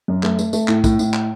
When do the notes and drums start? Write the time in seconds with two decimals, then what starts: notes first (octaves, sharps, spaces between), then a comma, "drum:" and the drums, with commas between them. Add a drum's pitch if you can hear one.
0.08 F#2
0.23 A3, drum: clap
0.39 A3, drum: tambourine
0.53 A3, drum: tambourine
0.68 A2, drum: clap
0.84 A2, drum: kick, tambourine
0.99 A2, drum: tambourine
1.14 drum: clap